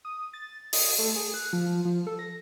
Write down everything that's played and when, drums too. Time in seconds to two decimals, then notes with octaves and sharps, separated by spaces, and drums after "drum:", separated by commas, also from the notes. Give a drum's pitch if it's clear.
0.05 D#6
0.33 A6
0.73 D#5, drum: open hi-hat
0.98 A3
1.16 G#4
1.34 F#6
1.53 F3
1.85 F3
2.07 A4
2.19 A#6